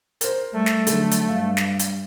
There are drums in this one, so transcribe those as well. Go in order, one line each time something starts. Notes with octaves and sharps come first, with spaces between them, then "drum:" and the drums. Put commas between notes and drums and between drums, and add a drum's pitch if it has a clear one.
A#4 C5, drum: hi-hat
G3 A3
drum: snare
D3 F#3, drum: hi-hat
drum: hi-hat
G2 F5
drum: snare
drum: hi-hat